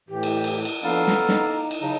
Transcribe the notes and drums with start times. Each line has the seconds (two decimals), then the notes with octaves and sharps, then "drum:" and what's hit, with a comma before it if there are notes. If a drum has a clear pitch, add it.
0.09 A2 E3 G4
0.23 drum: cymbal
0.44 drum: cymbal
0.65 drum: cymbal
0.83 F3 A#3 B3 D4 A4 F5 A#5
1.07 drum: snare
1.29 D#4, drum: snare
1.71 drum: cymbal
1.81 C#3 F#3 D#4 A5